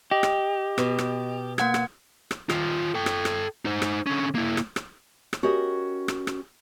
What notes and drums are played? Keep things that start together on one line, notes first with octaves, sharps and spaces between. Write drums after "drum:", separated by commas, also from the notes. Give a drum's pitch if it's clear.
G4 D#5
drum: rim click
B2, drum: rim click
drum: rim click
A#3 F#5 G#6, drum: rim click
drum: rim click
drum: rim click
D#3 F4, drum: rim click
A4 G5
drum: rim click
drum: rim click
D#4 C5
drum: rim click
D3 C#4
A#3 E4
drum: rim click
drum: rim click
drum: rim click
C#4 F#4 G4 A#4 C#5 D#5
drum: rim click
drum: rim click